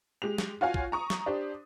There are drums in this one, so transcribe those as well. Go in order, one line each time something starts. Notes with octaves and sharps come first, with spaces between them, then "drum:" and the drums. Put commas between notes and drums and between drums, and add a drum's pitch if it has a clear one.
G#3 G4 F7
drum: snare
F4 F#4 C#5 F5 G#5
drum: kick
A#5 C#6 D#6
drum: snare
D4 G4 C5 D5